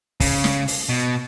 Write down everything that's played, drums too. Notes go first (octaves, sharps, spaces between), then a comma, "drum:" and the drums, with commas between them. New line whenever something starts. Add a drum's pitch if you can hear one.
C#3, drum: kick, open hi-hat
drum: snare
drum: open hi-hat
B2